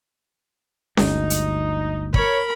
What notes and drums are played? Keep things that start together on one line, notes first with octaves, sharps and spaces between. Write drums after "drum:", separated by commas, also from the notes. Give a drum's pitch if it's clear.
G1 D2 G#3 D#4, drum: snare C#4
drum: hi-hat
A#4 C#5 B5, drum: kick